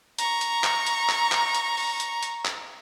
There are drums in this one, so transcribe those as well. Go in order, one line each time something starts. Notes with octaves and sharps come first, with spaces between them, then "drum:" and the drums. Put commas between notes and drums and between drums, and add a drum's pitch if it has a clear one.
A#5 C#6, drum: hi-hat
drum: hi-hat
drum: clap
drum: hi-hat
drum: clap
drum: clap
drum: hi-hat
drum: open hi-hat
drum: hi-hat
drum: hi-hat
drum: clap